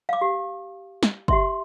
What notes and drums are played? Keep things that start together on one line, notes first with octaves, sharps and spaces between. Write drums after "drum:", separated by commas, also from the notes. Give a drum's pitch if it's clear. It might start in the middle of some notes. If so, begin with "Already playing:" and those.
F5 D6
G4
drum: snare
G4 E5 C6, drum: kick